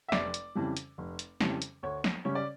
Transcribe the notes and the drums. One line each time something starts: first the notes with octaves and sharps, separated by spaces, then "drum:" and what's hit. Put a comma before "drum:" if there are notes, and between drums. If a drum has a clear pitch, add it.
E5
F1 D5, drum: snare
drum: hi-hat
F2 C#3 E3 G3
drum: hi-hat
F1
drum: hi-hat
F2 C#3 E3 G3, drum: snare
drum: hi-hat
D2 C#5
drum: snare
C#3 G3 C#4 C#5
D5